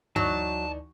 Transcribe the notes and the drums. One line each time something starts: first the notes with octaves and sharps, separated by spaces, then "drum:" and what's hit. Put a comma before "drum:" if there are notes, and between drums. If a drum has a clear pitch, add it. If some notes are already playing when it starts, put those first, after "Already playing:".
D2 E3 F#3 D#4 D5 A5, drum: tom G2